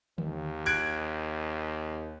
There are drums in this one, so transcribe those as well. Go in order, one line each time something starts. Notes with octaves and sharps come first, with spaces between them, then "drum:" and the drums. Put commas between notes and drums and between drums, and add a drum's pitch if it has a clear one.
D#2, drum: tom D3
F#6 G#6 D7, drum: open hi-hat